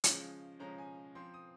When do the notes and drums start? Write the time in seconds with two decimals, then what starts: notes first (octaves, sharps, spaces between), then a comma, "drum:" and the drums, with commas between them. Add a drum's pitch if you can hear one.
0.04 C#3 F3 G#3 C#4, drum: hi-hat
0.60 C#3 F3 G#3 C#4 A#5
0.78 G#5
1.15 F3 C4 C6
1.34 D#6